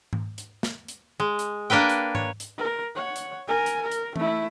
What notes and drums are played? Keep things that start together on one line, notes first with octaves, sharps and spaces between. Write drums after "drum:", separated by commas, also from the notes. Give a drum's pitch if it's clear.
drum: tom G#2
drum: hi-hat
drum: snare
drum: hi-hat
G#3
drum: hi-hat
A#3 D4 A#4 B4 G5
drum: hi-hat
C#5, drum: tom G#2
drum: hi-hat
A#4
C#5 F#5
drum: hi-hat
A#4 G#5
drum: hi-hat
A#4
drum: hi-hat
A3 E4, drum: tom E3